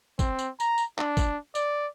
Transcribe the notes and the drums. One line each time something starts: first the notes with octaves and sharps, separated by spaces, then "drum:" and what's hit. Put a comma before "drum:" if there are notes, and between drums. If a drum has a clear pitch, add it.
C4, drum: kick, tambourine
drum: tambourine
A#5, drum: tambourine
drum: tambourine
D4, drum: clap
drum: kick, tambourine
D5, drum: tambourine